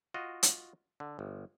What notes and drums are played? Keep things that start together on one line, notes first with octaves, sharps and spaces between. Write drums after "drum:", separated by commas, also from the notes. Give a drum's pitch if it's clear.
F4 F#4 D#5
drum: hi-hat
D3
G1